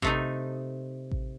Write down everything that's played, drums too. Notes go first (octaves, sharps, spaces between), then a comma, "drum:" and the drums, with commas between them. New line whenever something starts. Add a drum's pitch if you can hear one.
C3 A3 D#4, drum: kick A1
drum: kick A1